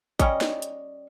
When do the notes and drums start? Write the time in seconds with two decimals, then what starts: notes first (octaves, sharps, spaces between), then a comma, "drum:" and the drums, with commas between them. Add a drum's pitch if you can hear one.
0.19 G3 C#4 C#5 D#5, drum: kick, hi-hat
0.41 drum: snare D4
0.62 drum: hi-hat